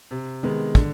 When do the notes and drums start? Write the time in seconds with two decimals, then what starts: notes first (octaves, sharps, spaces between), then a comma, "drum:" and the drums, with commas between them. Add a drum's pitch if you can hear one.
0.11 C3
0.43 D#3 G#3 B3
0.75 D3, drum: kick